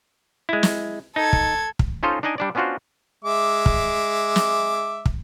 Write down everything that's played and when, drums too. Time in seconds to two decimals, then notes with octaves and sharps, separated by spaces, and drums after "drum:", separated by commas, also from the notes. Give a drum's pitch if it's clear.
0.49 G#3 E4
0.63 drum: snare
1.16 D#4 A4 G#6
1.33 drum: kick
1.79 drum: kick
2.03 C#4 D#4 F4 A4 C5 D#5
2.23 D4 D#4 D5 D#5 G#5
2.38 G3 D4 D5
2.55 B3 C#4 D4 F4 F#4 C5
3.25 G#3 E5 D6
3.66 drum: kick
4.36 drum: snare
5.06 drum: kick